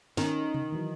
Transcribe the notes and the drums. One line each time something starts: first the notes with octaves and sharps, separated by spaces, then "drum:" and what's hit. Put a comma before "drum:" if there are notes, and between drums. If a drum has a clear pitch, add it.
D#3 C#4, drum: snare
drum: tom C3
E3 F#3